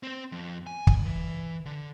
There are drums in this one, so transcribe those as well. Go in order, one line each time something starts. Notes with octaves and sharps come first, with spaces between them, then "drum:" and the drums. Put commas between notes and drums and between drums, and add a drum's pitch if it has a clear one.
C4 C5
F2
G#5
drum: kick
E3
D3